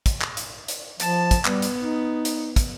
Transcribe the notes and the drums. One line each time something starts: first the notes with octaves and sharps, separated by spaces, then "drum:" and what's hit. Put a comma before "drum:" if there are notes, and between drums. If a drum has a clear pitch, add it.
drum: kick, hi-hat
drum: clap
drum: hi-hat
drum: hi-hat
F3 A5, drum: hi-hat
drum: kick, hi-hat
G3 B3, drum: clap
drum: hi-hat
D#4
drum: hi-hat
drum: kick, hi-hat